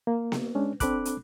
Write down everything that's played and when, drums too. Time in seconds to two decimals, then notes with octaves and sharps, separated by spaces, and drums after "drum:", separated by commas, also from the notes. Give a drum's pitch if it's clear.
0.07 A#3
0.32 drum: snare B3
0.55 G#3 C#4 D4
0.80 C4 D4 A4 B5 D6 F#6, drum: kick, hi-hat
1.05 drum: hi-hat